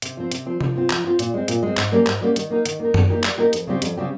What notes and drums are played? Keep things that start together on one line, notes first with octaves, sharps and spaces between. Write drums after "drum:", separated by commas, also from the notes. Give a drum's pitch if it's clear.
C3, drum: hi-hat
F3 C4
C3, drum: hi-hat
F3 C4
F3, drum: tom C3
C4 F4
F3, drum: clap
C4 F4
A#2, drum: hi-hat
G#3 C4
A#2, drum: hi-hat
G#3 C4
G#2, drum: clap
G3 A#3 C#4
G#2, drum: clap
G3 A#3 C#4
D#3, drum: hi-hat
A#3 D#4 A#4
D#3, drum: hi-hat
A#3 D#4 A#4
G3, drum: tom F#2
A#3 D#4 G4 A#4
G3, drum: clap
A#3 D#4 G4 A#4
F2, drum: hi-hat
C#3 G3 C4 G4
F2, drum: hi-hat
C#3 G3 C4 G4